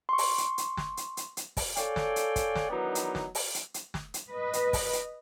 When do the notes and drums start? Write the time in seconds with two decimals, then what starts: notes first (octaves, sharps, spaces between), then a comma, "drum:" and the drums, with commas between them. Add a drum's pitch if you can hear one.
0.09 C6 C#6
0.18 drum: open hi-hat
0.38 drum: hi-hat
0.58 drum: hi-hat
0.77 drum: snare
0.97 drum: hi-hat
1.17 drum: hi-hat
1.37 drum: hi-hat
1.57 drum: kick, open hi-hat
1.76 A4 C#5 D5 F5 G5 G#5, drum: hi-hat
1.96 drum: snare
2.16 drum: hi-hat
2.36 drum: kick, hi-hat
2.56 drum: snare
2.70 D#3 E3 F#3 B3 D4 D#4
2.95 drum: hi-hat
3.15 drum: snare
3.35 drum: open hi-hat
3.54 drum: hi-hat
3.74 drum: hi-hat
3.94 drum: snare
4.14 drum: hi-hat
4.30 B4 D#5
4.53 drum: hi-hat
4.73 drum: kick, open hi-hat
4.93 drum: hi-hat